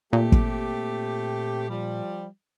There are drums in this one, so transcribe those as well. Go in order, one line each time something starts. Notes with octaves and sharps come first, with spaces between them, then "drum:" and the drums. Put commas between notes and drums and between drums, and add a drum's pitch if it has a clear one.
A#2 A3 C4 G4
drum: kick
F3 G3